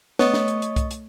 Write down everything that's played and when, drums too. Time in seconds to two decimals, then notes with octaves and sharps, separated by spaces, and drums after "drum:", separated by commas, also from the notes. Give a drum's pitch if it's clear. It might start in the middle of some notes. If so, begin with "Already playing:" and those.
0.19 A3 B3 C#5 D#5 C#6 D#6, drum: snare
0.34 drum: snare
0.48 drum: hi-hat
0.62 drum: hi-hat
0.76 drum: kick C2, hi-hat
0.91 drum: hi-hat